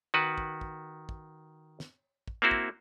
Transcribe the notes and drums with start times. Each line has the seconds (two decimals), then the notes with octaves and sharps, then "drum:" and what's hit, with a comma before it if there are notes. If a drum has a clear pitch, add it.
0.14 D#3 F#4 B4
0.38 drum: kick
0.61 drum: kick
1.09 drum: kick
1.80 drum: snare
2.28 drum: kick
2.42 A#3 C4 E4 F#4
2.51 drum: kick